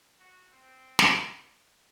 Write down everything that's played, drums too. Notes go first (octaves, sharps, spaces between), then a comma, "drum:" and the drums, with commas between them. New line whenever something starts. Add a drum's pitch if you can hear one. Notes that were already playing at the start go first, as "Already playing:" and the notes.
F#4
C4
drum: snare